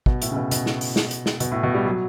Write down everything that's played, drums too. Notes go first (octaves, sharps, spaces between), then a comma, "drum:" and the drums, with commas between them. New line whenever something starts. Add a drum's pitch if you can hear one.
B2, drum: kick
A2, drum: hi-hat
C#3
B2
B2, drum: hi-hat
drum: snare
drum: open hi-hat
drum: snare
drum: hi-hat
drum: snare
B2, drum: hi-hat
A2
B2
G3
F#3